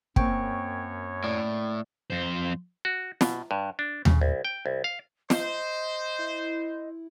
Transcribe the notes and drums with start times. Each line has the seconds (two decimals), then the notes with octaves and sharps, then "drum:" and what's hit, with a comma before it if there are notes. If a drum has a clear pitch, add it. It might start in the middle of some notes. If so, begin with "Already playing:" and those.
0.16 F#2 A#3 C4 C#5 G5 C#6, drum: kick
1.24 A2 D5
2.10 F2 C5
2.85 F#4
3.21 B2, drum: snare
3.51 G2
3.79 D4
4.05 C#3, drum: tom D#2
4.21 C2
4.45 G5
4.66 C2
4.84 F5
5.30 C5 D#5, drum: snare
6.19 E4